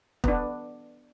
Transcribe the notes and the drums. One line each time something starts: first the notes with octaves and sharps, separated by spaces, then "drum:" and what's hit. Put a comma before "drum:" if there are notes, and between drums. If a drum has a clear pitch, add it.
B3 D4, drum: kick